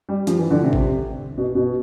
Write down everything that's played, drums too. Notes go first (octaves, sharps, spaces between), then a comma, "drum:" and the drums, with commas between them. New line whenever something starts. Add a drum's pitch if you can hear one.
G3
F3, drum: hi-hat
E3
D3
C3
drum: kick G#1
B2
B2